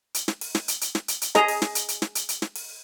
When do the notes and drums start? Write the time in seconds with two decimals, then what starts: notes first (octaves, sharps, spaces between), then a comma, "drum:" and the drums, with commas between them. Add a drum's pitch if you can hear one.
0.14 drum: hi-hat
0.28 drum: snare
0.41 drum: open hi-hat
0.55 drum: snare
0.68 drum: hi-hat
0.81 drum: hi-hat
0.95 drum: snare
1.08 drum: hi-hat
1.22 drum: hi-hat
1.35 G#4 D#5 A#5, drum: snare
1.48 drum: open hi-hat
1.62 drum: snare
1.75 drum: hi-hat
1.88 drum: hi-hat
2.02 drum: snare
2.15 drum: hi-hat
2.29 drum: hi-hat
2.42 drum: snare
2.55 drum: open hi-hat